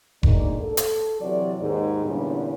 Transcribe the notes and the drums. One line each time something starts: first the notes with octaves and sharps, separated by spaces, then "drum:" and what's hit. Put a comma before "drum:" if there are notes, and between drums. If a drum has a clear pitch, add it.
D2 G#2 A#3 D#4 D5, drum: kick F1
A4
drum: hi-hat
C3 E3 F#3 D5
D#2 G#2 D#3
E2 G2 A#2 D3 G3 C#4